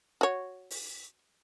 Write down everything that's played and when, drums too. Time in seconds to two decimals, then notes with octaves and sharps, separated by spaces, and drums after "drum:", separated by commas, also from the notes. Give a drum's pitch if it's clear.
0.21 F#4 C#5
0.70 drum: open hi-hat